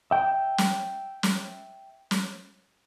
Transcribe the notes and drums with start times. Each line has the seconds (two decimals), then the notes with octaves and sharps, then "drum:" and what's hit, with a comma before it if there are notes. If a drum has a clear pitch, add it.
0.11 E5 G5
0.58 drum: snare
1.23 drum: snare
2.11 drum: snare